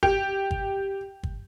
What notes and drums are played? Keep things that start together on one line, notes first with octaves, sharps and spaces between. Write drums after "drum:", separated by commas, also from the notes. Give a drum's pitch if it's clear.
G4, drum: kick G1
drum: kick G1
drum: kick G1